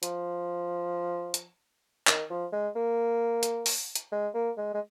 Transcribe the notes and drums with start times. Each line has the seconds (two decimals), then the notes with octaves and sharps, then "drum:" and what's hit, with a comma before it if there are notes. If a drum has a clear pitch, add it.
0.03 F3, drum: hi-hat
1.34 drum: hi-hat
2.07 D#3, drum: clap
2.30 F3
2.52 G#3
2.75 A#3
3.43 drum: hi-hat
3.66 drum: open hi-hat
3.95 drum: hi-hat
4.12 G#3
4.34 A#3
4.57 G#3
4.74 G#3